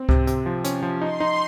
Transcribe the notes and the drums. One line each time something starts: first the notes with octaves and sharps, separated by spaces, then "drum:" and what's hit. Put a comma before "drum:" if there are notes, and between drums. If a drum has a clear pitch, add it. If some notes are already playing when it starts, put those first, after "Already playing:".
Already playing: C4
C3, drum: kick C#2
C3, drum: hi-hat
F3
C#4, drum: hi-hat
F3
D#4 C6
D#4